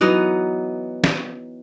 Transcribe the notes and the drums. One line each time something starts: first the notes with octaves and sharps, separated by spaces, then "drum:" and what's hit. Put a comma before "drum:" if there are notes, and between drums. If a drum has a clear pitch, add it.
E3 F#3 B3 D#4
drum: snare